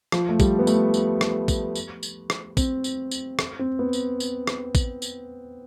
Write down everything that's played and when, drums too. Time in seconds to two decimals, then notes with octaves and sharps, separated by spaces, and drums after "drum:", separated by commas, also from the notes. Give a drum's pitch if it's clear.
0.12 F3, drum: rim click
0.29 A3
0.40 G3, drum: kick, tambourine
0.59 B3
0.67 A3, drum: tambourine
0.94 drum: tambourine
1.21 drum: rim click
1.48 drum: kick, tambourine
1.75 drum: tambourine
2.03 drum: tambourine
2.30 drum: rim click
2.57 C4, drum: kick, tambourine
2.84 drum: tambourine
3.11 drum: tambourine
3.39 drum: rim click
3.59 C4
3.79 B3
3.93 drum: tambourine
4.20 drum: tambourine
4.47 drum: rim click
4.75 drum: kick, tambourine
5.02 drum: tambourine